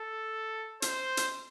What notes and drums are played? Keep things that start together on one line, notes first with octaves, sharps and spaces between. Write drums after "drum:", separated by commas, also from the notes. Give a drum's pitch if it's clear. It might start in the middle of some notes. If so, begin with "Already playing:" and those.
Already playing: A4
C5, drum: hi-hat
drum: hi-hat